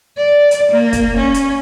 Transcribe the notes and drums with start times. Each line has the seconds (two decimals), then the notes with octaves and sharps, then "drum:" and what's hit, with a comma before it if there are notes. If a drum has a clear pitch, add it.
0.17 D5
0.51 drum: hi-hat
0.72 A#3
0.93 drum: kick, hi-hat
1.17 C#4
1.34 drum: hi-hat